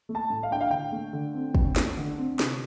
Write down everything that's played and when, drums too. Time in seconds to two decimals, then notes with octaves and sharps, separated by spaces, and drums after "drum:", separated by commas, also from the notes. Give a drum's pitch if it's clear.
0.09 A3
0.15 A5
0.30 A2
0.43 F5
0.51 D4 G5
0.61 F5
0.71 D3 G5
0.92 A3
1.13 D3
1.34 C4
1.55 D3, drum: kick
1.76 A3, drum: snare
1.97 D3
2.18 C4
2.39 C3, drum: snare